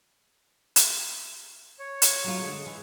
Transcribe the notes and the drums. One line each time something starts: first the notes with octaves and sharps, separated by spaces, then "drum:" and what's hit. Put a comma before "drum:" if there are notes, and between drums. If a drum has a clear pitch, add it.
drum: hi-hat
C#5
drum: hi-hat
F#3 G#3 F4
D3 G#3
E3